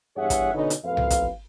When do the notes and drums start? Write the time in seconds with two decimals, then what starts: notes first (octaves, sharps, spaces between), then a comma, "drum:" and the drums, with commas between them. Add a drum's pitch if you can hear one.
0.17 E2 G2 G#4 C#5 E5 F#5
0.30 drum: kick, hi-hat
0.54 B2 D3 B3 C#4 D#4
0.70 drum: hi-hat
0.84 A1 F2 A#2 B4 F5
0.97 drum: tom C2
1.10 drum: kick, hi-hat